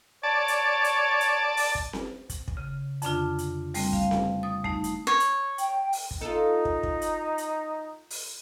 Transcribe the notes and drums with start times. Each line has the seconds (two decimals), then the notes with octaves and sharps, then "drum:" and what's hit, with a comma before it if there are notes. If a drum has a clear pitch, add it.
0.23 C#5 D5 A5
0.48 drum: hi-hat
0.84 drum: hi-hat
1.21 drum: hi-hat
1.57 drum: open hi-hat
1.75 drum: kick
1.93 drum: snare C4
2.30 drum: kick, hi-hat
2.48 drum: kick
2.57 C#3
3.02 F2 D3 D4 F4, drum: hi-hat
3.38 drum: hi-hat
3.74 G3 A3 C4, drum: open hi-hat
3.93 F5, drum: kick
4.11 drum: snare C4
4.43 D#6
4.64 A3 D#4, drum: kick
4.84 drum: hi-hat
5.07 C#5
5.20 drum: hi-hat
5.58 G5, drum: hi-hat
5.93 drum: open hi-hat
6.11 drum: kick
6.21 D#4 F4 A4
6.65 drum: kick
6.83 drum: kick
7.02 drum: hi-hat
7.38 drum: hi-hat
8.10 drum: open hi-hat